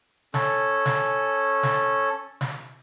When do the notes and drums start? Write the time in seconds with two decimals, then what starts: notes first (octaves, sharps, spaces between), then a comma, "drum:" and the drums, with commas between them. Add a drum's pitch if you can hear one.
0.34 C#4 A4, drum: snare
0.86 drum: snare
1.63 drum: snare
2.41 drum: snare